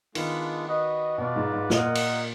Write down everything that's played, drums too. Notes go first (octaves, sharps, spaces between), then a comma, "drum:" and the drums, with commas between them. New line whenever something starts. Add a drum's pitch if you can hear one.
D#3 G#3 B3 D4 F4, drum: cymbal
F#4 B4 D#5
B2 F4 B4 D5
G#2
G#2
A#2 F4 A#4 D#5 F#5, drum: snare
drum: cymbal